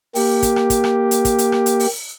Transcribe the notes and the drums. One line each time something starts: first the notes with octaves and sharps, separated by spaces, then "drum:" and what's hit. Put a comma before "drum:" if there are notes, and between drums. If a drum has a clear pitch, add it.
A#3 G4, drum: open hi-hat
drum: kick, hi-hat
drum: rim click
drum: kick, hi-hat
drum: rim click
drum: hi-hat
drum: kick, hi-hat
drum: hi-hat
drum: rim click
drum: hi-hat
drum: open hi-hat